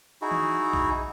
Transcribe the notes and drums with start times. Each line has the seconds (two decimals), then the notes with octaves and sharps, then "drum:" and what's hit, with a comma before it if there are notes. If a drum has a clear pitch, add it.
0.22 D#4 E4 F#4 G#4
0.31 drum: tom D#3
0.73 drum: kick A#1